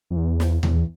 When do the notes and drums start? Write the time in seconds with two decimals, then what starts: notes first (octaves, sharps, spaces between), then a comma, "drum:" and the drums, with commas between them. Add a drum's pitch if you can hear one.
0.10 F2
0.16 E2
0.40 drum: snare
0.63 E2, drum: tom D#2